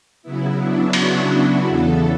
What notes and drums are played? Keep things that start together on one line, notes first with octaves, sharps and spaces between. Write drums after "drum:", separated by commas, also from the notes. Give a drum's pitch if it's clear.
C#3 F#3 B3 E4
D4
F#4, drum: cymbal
F#4
E2 C#3 E3 B3 A4